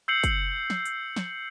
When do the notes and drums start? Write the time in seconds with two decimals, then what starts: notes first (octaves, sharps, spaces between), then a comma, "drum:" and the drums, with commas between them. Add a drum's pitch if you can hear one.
0.08 E6 G6 C7 C#7 F#7
0.24 drum: kick, hi-hat
0.70 drum: snare
0.85 drum: hi-hat
1.16 drum: snare